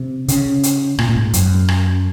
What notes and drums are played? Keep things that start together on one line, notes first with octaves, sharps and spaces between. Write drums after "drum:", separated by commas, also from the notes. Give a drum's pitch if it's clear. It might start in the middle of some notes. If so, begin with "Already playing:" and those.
Already playing: C3
C#3, drum: hi-hat
drum: hi-hat
A#2, drum: rim click
A#2
G#2
F#2, drum: hi-hat
drum: rim click